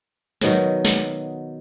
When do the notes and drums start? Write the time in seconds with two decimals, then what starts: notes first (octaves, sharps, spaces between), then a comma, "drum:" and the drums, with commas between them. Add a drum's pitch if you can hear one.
0.41 B2 D#3 F#3 D#5, drum: snare
0.85 drum: snare